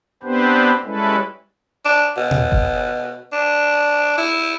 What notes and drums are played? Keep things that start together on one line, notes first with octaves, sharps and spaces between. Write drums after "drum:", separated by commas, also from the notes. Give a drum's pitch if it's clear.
B3 C4 D4 G4 B4 C5
G3 G#3 C#4 E4 A4 B4
D4
B2
drum: tom A#2
drum: kick F#1
D4
E4